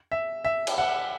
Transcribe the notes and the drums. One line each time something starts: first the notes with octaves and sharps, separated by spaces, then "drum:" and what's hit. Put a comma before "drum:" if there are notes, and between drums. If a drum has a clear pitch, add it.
E5
E5
drum: cymbal
F#5